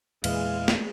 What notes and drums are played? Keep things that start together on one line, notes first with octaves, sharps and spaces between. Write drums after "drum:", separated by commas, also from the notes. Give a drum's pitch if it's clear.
E2 A#2 E3 G#3 F5, drum: cymbal
drum: snare